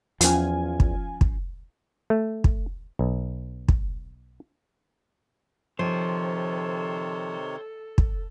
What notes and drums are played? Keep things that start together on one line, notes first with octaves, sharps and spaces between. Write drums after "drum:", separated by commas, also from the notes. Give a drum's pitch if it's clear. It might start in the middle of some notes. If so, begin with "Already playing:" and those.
E2 F3 C#4 F4 F#5 G#5, drum: hi-hat
drum: kick
drum: kick
A3
drum: kick
B1
drum: kick
C3 D#3 F3 A4 C5 C#5
drum: kick